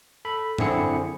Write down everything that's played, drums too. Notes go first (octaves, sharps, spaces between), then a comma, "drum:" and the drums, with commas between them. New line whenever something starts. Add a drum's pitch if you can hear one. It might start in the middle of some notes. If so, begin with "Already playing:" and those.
A4 B5
F#2 D3 C4 E4 G#4 C#7, drum: tom G#2